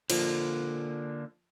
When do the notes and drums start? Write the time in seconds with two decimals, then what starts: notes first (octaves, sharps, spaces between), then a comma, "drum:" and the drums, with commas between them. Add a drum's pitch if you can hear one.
0.10 D3 F3 A#3, drum: cymbal